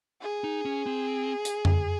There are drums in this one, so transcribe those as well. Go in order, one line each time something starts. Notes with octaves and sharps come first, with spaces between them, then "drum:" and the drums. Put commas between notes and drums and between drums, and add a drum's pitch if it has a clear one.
G#4
D#4
C#4
C4
drum: hi-hat
drum: tom F2